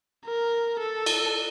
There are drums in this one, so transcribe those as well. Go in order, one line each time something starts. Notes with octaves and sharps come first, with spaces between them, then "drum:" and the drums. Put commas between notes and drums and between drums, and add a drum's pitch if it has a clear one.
A#4
A4
drum: cymbal